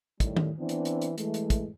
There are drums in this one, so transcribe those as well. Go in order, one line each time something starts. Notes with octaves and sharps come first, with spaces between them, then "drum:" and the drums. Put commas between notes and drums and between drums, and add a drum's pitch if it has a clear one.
A2 D#3 G3, drum: kick, hi-hat
drum: tom D#3
E3 B3 C4 D4
drum: hi-hat
drum: hi-hat
drum: hi-hat
E3 G#3 A3, drum: hi-hat
drum: hi-hat
drum: kick, hi-hat